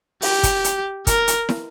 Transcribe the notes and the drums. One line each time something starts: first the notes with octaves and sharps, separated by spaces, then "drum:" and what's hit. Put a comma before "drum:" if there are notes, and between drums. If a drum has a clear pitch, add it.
G4, drum: open hi-hat
drum: kick, hi-hat
drum: hi-hat
A#4, drum: kick, hi-hat
drum: hi-hat
drum: snare